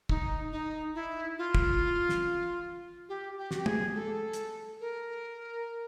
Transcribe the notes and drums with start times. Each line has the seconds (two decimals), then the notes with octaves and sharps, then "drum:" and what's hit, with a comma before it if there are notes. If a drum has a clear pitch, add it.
0.09 D#4, drum: kick
0.52 D#4
0.95 E4
1.38 F4
1.55 drum: kick
2.09 drum: snare
3.09 G4
3.38 G4
3.51 F#4, drum: snare
3.58 G4
3.66 G#4, drum: tom
3.95 A4
4.33 drum: hi-hat
4.80 A#4